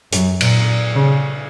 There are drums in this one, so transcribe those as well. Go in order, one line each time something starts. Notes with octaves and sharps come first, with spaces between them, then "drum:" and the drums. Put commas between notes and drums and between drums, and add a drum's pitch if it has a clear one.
F#2, drum: hi-hat
A#2, drum: cymbal
C#3